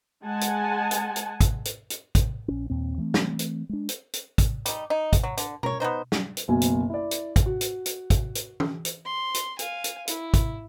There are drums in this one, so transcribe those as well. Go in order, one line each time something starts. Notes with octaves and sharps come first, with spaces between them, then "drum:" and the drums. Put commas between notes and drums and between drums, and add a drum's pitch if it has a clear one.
G#3 F#5 G#5 A5
drum: hi-hat
drum: hi-hat
drum: hi-hat
drum: kick, hi-hat
drum: hi-hat
drum: hi-hat
drum: kick, hi-hat
A#1 C#4
D#2 A#2 C4
E3 A3 C4
drum: snare
drum: hi-hat
G#3 D4
drum: hi-hat
drum: hi-hat
drum: kick, hi-hat
G3 D#4, drum: hi-hat
D#4
drum: kick, hi-hat
F#3
D3, drum: hi-hat
A#4 C#5, drum: tom B2
B3 C4 D#4 C5
drum: snare
drum: hi-hat
F#1 B1 B2 G#5
drum: hi-hat
E4 D5
drum: hi-hat
drum: kick, hi-hat
F#4
drum: hi-hat
drum: hi-hat
drum: kick, hi-hat
drum: hi-hat
drum: tom
drum: hi-hat
C6
drum: hi-hat
F5 G#5, drum: hi-hat
drum: hi-hat
E4, drum: hi-hat
drum: kick, hi-hat